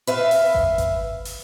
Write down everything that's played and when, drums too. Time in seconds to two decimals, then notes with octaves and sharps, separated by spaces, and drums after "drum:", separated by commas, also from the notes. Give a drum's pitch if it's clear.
0.07 B4 E5 F5
0.31 drum: open hi-hat
0.55 drum: kick G#1
0.78 drum: kick G#1, hi-hat
1.25 drum: open hi-hat